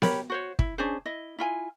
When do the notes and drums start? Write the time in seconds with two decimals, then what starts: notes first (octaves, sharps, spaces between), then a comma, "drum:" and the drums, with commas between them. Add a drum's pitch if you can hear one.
0.02 G4 A#4 C#5 B5, drum: snare B3
0.30 F#4 C5 C#5
0.59 E4, drum: kick
0.78 C#4 D4 G#4 C5
1.06 E4 D#5
1.39 E4 F4 G#5